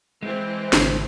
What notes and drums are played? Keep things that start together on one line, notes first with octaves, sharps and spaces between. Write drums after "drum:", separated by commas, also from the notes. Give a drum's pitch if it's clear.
E3 G#3 C4
G#1 C#3, drum: snare